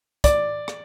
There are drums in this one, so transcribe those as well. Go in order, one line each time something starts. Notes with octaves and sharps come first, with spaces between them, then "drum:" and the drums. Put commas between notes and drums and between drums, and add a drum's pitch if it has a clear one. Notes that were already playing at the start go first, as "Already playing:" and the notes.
D5, drum: kick, hi-hat
drum: rim click